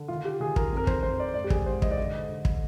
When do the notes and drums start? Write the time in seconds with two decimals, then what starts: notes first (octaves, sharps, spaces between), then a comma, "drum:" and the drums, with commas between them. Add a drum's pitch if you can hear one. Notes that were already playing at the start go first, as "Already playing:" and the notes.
Already playing: D3
0.08 D#3 F4
0.25 G4
0.40 D#3 G#4
0.56 A#4, drum: kick
0.72 F2 A#4
0.87 C5, drum: kick
1.03 F2 C5
1.20 D5
1.34 G#2 D5
1.44 G4
1.50 G#4, drum: kick
1.66 G#2 C5
1.82 D#5, drum: kick
1.91 D5
1.98 D3 D#5
2.29 D3
2.45 drum: kick